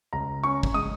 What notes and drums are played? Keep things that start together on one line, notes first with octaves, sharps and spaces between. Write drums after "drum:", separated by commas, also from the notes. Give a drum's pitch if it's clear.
C#2 A#5
C#4 C#6
drum: kick
G#3 D#6